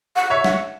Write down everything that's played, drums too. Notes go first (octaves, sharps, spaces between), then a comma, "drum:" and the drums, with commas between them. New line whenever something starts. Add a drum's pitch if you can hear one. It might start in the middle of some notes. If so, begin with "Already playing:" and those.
F#5
C#5 E5
F#5, drum: snare